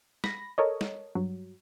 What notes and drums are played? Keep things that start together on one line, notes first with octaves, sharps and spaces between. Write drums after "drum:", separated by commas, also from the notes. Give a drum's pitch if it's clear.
B5 A#6, drum: snare
A4 A#4 C#5 D#5
drum: snare
G2 F#3